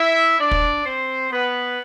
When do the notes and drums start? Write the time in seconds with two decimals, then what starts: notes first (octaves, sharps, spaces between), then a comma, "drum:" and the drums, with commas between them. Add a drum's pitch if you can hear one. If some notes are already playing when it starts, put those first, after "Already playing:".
Already playing: E4 E5
0.39 D4 D5
0.51 drum: kick
0.85 C4 C5
1.31 B3 B4